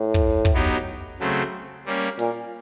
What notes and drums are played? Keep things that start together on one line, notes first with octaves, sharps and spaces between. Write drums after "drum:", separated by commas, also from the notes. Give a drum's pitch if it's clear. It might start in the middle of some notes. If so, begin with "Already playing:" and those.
Already playing: A2
drum: kick
drum: kick
F#3 B3 D#4 G4
C#3 F#3 A3 C4
G3 A#3 C#4
A#2, drum: open hi-hat